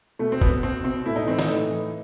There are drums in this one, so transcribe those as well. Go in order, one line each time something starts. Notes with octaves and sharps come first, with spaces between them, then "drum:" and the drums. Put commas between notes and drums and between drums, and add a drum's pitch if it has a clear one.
B2 A3
C4
B2 B3, drum: kick G1
B2 C4
B2 C4
A2 E4
D#4
E3 C4
D#4, drum: snare
A2
E3